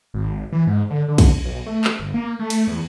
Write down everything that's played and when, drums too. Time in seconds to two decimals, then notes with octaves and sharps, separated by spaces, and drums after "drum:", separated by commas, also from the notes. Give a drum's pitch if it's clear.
0.14 G#1
0.52 E3
0.67 G#2
0.90 D3
1.08 D3
1.18 drum: kick, cymbal
1.44 B1
1.66 A3
1.84 drum: clap
1.99 G1
2.14 A#3
2.39 A3
2.50 drum: cymbal
2.67 E2